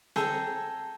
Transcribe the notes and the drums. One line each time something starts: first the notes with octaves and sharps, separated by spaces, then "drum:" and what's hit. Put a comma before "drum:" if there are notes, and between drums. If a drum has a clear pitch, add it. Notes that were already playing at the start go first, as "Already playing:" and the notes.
G#4 A4 G5 A#5, drum: snare C4